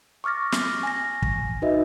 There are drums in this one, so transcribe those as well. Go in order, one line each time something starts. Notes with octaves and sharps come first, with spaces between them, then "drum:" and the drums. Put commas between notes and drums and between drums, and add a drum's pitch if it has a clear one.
C#6 D6 F6 A6 A#6
drum: snare
G#5 A#6
drum: kick
D#4 F#4 B4 D#5 E5